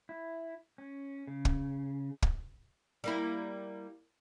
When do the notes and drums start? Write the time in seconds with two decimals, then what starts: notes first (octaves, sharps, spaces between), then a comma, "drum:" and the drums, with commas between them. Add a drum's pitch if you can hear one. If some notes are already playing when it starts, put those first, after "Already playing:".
0.09 E4
0.78 C#4
1.27 C#3
1.45 drum: kick
2.22 drum: kick
3.04 G3 A#3 E4